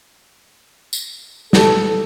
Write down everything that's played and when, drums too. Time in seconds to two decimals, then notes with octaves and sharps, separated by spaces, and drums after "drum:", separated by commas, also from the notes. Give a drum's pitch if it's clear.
0.93 drum: tambourine
1.53 A4, drum: snare